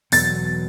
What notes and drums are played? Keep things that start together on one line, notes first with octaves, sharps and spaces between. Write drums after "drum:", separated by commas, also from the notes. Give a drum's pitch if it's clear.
E2 B2 F#3 B3 A6, drum: open hi-hat